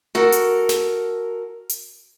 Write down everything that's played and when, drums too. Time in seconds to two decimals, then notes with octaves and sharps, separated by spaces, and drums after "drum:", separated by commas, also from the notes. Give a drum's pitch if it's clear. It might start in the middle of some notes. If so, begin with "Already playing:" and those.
0.15 F#4 A4 A#4
0.32 drum: hi-hat
0.69 drum: snare
1.69 drum: hi-hat